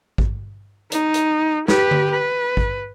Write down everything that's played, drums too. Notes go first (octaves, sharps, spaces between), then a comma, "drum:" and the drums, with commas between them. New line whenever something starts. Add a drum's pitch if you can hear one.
drum: kick
D#4, drum: hi-hat
drum: hi-hat
G4 B4, drum: snare
drum: tom D3
B4
drum: kick